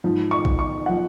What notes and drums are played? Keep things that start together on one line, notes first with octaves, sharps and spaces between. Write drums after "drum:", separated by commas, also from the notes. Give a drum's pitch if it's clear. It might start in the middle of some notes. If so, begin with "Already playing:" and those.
G#2 F3
C#6
drum: kick A1
C#6
F3 F#5